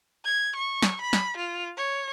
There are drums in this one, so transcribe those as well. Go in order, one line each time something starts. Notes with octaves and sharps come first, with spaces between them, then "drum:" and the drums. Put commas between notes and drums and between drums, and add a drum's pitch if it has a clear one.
G#6
C#6
drum: snare
B5
drum: snare
F4
C#5